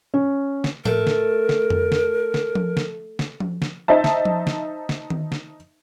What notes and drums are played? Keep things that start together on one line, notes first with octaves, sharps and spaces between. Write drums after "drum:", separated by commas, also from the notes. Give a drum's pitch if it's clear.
C#4
drum: snare
A3 A#4, drum: tom A2
drum: snare
drum: snare
drum: tom F2
drum: snare
drum: snare
drum: tom F3
drum: snare
drum: snare
drum: tom F3
drum: snare
D#4 C5 E5 A5
drum: snare
drum: tom F3
drum: snare
drum: snare
drum: tom D#3
drum: snare